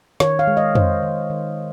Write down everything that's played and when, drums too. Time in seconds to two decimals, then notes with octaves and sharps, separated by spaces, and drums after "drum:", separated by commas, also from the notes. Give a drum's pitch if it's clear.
0.20 D#3 C#5, drum: snare
0.39 F5
0.47 G#3
0.57 D#5
0.75 G#3 C5, drum: tom F2
1.03 D#3
1.30 D#3